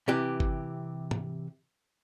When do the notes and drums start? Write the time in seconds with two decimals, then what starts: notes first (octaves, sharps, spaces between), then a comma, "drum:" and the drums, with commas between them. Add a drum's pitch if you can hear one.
0.08 C3 E3 G4
0.40 drum: kick G1
1.11 drum: tom